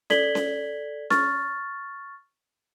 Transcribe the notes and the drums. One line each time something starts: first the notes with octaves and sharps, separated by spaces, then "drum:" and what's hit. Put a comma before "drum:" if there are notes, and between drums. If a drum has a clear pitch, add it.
A4 D5 G#6 B6 F#7 G7, drum: snare C#4
drum: snare C#4
C#6 F6 A6, drum: snare C#4